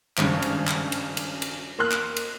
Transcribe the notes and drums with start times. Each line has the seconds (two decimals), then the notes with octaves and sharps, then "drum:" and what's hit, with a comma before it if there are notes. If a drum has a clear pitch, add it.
0.17 G#1 G2 C#3, drum: clap
0.42 drum: cymbal
0.67 drum: clap
0.92 drum: cymbal
1.17 drum: cymbal
1.42 drum: cymbal
1.79 A#3 C6 F6 F#6
1.92 drum: clap
2.16 drum: cymbal